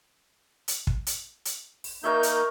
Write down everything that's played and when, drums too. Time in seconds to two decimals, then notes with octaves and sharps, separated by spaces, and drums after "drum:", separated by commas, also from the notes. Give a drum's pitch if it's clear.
0.68 drum: hi-hat
0.87 drum: kick
1.07 drum: hi-hat
1.45 drum: hi-hat
1.84 drum: open hi-hat
2.04 A#3 D#4 A#4 C#5 E5 G6
2.23 drum: hi-hat